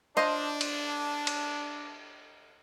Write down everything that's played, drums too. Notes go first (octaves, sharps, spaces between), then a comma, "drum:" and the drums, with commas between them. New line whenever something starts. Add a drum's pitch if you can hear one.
D4 F4 C5 D#5 F5
drum: cymbal
drum: cymbal